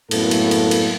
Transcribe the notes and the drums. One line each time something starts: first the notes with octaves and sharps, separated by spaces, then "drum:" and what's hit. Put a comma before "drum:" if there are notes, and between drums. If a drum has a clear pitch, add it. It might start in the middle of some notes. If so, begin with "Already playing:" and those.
F#2 A2 A#3 B3 A4, drum: cymbal
drum: cymbal
drum: cymbal
drum: cymbal